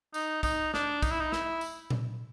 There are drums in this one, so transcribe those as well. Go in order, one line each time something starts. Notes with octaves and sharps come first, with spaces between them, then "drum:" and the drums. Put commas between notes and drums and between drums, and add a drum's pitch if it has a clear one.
D#4, drum: tambourine
D#4, drum: kick, tambourine
D4, drum: snare
D#4, drum: kick, tambourine
E4
D#4
E4, drum: snare
drum: tambourine
drum: tom A#2